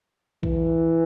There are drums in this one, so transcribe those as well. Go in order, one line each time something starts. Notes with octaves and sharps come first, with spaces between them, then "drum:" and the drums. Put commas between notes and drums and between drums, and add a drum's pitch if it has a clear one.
E3, drum: kick B1